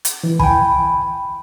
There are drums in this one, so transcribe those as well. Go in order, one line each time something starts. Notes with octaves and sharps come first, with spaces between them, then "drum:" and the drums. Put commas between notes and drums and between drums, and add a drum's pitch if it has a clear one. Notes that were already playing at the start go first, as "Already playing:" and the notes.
drum: hi-hat
E3
G5 G#5 B5, drum: kick